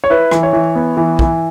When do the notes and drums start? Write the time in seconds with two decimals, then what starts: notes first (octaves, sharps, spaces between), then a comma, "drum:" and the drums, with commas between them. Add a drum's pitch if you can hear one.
0.04 C#5
0.10 E4 B4
0.31 E3, drum: rim click
0.43 C#5
0.53 E3
0.75 B3
0.97 E3
1.19 E3, drum: kick